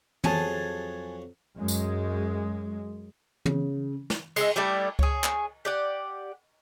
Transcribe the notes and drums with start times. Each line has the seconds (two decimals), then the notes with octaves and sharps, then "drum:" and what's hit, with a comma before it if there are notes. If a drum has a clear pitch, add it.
0.24 F2 F#3 G#4 G#5 A5, drum: tom
1.57 F#2 G#3
1.68 drum: tambourine
3.46 C#3, drum: tom
4.10 drum: snare
4.36 G#3 D#4 E5, drum: cymbal
4.56 G3 A3 E4 G4
4.99 G#4 C#5, drum: kick C#2
5.24 drum: clap
5.65 G4 D5 F#5